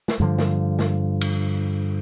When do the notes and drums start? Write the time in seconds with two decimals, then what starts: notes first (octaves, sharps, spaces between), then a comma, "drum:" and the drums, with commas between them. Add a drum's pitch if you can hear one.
0.08 drum: snare
0.20 G2 D3 F3
0.39 drum: snare
0.79 drum: snare
1.21 drum: cymbal